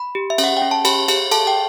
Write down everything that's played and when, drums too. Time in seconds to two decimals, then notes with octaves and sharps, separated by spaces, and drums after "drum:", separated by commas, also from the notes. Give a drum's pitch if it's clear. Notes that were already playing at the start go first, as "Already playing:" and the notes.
Already playing: B5
0.15 G4
0.30 E5
0.38 C#4, drum: cymbal
0.44 F#5
0.57 C#4 G5
0.71 A5
0.85 G4 B5, drum: cymbal
1.08 G4, drum: cymbal
1.31 A4 A5, drum: cymbal
1.47 G5